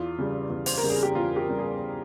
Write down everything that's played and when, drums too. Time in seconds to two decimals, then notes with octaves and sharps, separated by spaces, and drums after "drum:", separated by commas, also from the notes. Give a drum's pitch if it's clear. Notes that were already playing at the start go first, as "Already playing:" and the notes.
Already playing: E2 F4
0.18 C#3 G3
0.50 E2
0.66 C5, drum: open hi-hat
0.78 A#4
0.83 C#3 G3
0.90 G#4
1.03 G4
1.15 E2 F4
1.36 G4
1.48 C#3 G3
1.59 G#4